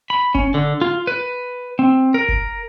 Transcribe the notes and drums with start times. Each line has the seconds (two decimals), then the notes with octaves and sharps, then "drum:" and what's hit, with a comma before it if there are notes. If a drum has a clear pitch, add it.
0.10 B5
0.35 C#4, drum: kick
0.54 D3
0.81 F4
1.07 B4
1.79 C4
2.14 A#4
2.28 drum: kick